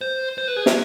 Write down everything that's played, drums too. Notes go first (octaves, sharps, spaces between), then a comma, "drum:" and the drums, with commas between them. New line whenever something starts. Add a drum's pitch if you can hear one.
C5
C5
B4
G#4
F4, drum: snare